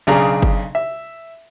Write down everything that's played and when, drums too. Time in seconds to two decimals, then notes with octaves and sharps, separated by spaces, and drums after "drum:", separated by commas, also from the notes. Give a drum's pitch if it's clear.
0.07 B1 C#3 D4 G#4 A#5
0.42 drum: kick F#1
0.75 E5